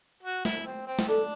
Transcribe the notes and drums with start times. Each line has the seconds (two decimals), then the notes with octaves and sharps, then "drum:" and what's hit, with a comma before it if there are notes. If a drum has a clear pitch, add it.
0.23 F#4
0.45 E4, drum: snare
0.66 C4
0.87 C4
0.99 drum: snare
1.08 D4 A4